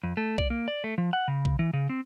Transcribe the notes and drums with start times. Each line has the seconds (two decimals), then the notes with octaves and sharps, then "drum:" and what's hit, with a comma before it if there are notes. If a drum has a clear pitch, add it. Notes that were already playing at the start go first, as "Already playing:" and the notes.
0.03 F2
0.17 A3
0.38 D5, drum: kick B1
0.50 A#3
0.68 D5
0.84 A3
0.98 F3
1.13 F#5
1.28 C#3
1.45 drum: kick B1
1.59 E3
1.73 C#3
1.89 C4